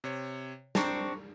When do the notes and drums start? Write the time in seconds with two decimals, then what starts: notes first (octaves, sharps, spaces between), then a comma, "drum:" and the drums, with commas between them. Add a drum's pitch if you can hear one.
0.04 C3 C#5
0.75 C4 D4 A5 A#5 C#6, drum: snare